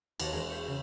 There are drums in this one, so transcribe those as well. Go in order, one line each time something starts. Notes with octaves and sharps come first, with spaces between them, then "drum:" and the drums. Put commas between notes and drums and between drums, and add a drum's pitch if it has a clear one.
D#2 A#3 A#4 C#5 A5 C7, drum: cymbal
E1 G#3 G#4 A#4
C#6 G6 B6 C7
C#3